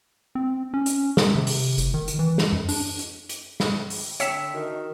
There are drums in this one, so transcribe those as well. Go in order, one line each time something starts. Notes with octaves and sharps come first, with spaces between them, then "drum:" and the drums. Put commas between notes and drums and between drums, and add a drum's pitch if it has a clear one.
C4
C#4
drum: hi-hat
D#3, drum: snare
C3
drum: open hi-hat
F#1, drum: hi-hat
D#3
drum: hi-hat
E3
drum: snare
F#2
D4, drum: open hi-hat
drum: hi-hat
drum: hi-hat
drum: snare
drum: open hi-hat
D3 C#5 E5 G5 B6 E7, drum: hi-hat
D#3 F#4